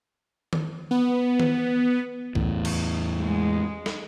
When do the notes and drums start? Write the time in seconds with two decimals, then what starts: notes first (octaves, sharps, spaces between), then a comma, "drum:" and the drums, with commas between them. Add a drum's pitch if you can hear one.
0.53 drum: tom D#3
0.91 B3
1.40 drum: tom D#3
2.35 E2 A2, drum: kick C2
2.65 drum: cymbal
3.21 G#3
3.86 drum: snare